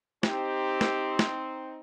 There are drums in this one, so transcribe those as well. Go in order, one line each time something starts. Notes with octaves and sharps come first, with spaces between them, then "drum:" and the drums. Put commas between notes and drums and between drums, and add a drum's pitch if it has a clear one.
C4 D#4 G4, drum: snare
drum: snare
drum: snare